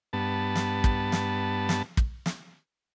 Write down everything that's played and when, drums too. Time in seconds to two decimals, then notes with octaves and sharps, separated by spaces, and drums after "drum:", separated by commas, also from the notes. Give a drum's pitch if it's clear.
0.13 G2 B3 A5
0.56 drum: snare
0.84 drum: kick
1.12 drum: snare
1.69 drum: snare
1.97 drum: kick
2.26 drum: snare